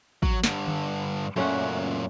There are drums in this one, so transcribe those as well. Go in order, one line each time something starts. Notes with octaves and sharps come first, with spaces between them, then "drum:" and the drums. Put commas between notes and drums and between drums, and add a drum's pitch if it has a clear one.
F#3, drum: kick
G2 D3, drum: snare
drum: tom D3
F#2 A#2 A3 C#4 F#5